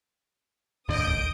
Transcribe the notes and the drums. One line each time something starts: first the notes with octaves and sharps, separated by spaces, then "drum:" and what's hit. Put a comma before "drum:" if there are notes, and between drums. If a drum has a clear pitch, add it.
D#2 A2 D3 D#5 D#6 G6 D7
drum: kick A#1